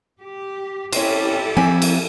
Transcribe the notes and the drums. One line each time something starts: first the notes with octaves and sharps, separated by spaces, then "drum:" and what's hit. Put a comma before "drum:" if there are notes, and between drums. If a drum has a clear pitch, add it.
G4
C4 C#4 E4 G4 A4, drum: cymbal
F3 C4 E5 G#5
drum: cymbal